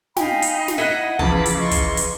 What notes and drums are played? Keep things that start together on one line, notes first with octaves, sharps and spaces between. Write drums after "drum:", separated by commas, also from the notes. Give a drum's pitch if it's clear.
D#4 F5 G5 G#5 B5, drum: snare
drum: hi-hat
drum: snare
E4 D#5 F#5 B6 C#7 D#7
C#3 E3 F3 A5 B5 D6, drum: kick
drum: hi-hat
F3 D#5 C6 C#6
drum: kick, hi-hat
drum: hi-hat